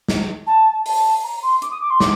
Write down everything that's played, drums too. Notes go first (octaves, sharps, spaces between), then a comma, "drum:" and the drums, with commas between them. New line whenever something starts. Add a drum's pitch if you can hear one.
drum: snare
A5
A5, drum: open hi-hat
A#5
C6
D6, drum: hi-hat
D#6
D6
C6
D6, drum: snare